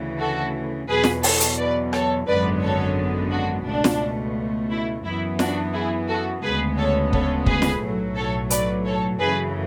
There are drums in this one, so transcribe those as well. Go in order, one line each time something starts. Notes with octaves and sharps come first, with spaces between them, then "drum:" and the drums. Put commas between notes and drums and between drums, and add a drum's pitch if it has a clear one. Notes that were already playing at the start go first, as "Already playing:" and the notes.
Already playing: D2 C#3 E3
F#4 A4
E2 B2 F#3 G#4 B4
drum: snare
A4 C#5, drum: open hi-hat
drum: hi-hat
B4 D5
A4 C#5, drum: rim click
G#1 F#2 D3 G#3 B3 B4 D5
A4 C#5
D4 F#4
C#2 B2 A3 D4
drum: snare
E4
F#2 E3 B3 E4
D4 F#4, drum: snare
E4 G#4
F#4 A4
D2 C#3 G#3 B3 G#4 B4
A4 C#5
A4 C#5, drum: kick
G#4 B4, drum: kick
drum: snare
B1 A2 F#3 A3
A4 C#5
B4 D5, drum: hi-hat
A4 C#5
F#2 C#3 E3 A3 G#4 B4